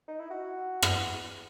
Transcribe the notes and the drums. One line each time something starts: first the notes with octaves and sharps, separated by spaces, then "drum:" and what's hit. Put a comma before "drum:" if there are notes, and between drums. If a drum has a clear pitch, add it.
D#4
E4
F#4
drum: rim click